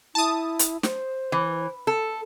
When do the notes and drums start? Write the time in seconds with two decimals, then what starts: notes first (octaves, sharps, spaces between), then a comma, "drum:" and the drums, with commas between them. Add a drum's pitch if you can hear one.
0.15 E4 A5 D#6
0.59 drum: hi-hat
0.83 C5, drum: snare
1.32 E3
1.87 A4